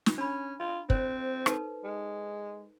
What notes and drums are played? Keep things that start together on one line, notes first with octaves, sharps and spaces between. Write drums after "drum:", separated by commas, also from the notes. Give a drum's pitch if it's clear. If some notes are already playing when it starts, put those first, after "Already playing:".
drum: snare
C#4 D4 B5
F4
C4 C5, drum: kick
D#4 A4 B4, drum: rim click
G#3